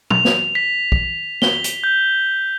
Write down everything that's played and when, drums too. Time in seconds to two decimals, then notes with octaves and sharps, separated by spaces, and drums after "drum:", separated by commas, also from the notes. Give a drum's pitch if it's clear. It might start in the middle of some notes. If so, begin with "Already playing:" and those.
0.10 F7, drum: tom A#2
0.25 drum: snare
0.55 B6
0.92 drum: kick
1.42 G7, drum: snare
1.64 drum: hi-hat
1.84 G6